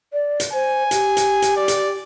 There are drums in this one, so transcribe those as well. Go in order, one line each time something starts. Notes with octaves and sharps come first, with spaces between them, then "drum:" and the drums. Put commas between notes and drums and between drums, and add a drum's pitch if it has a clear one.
D5
drum: hi-hat
C5 G#5
G4, drum: hi-hat
drum: hi-hat
drum: hi-hat
D5
drum: hi-hat